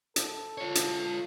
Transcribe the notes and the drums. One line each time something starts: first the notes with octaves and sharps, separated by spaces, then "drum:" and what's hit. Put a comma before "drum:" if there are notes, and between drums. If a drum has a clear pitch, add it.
A4, drum: hi-hat
F4 C#5
drum: hi-hat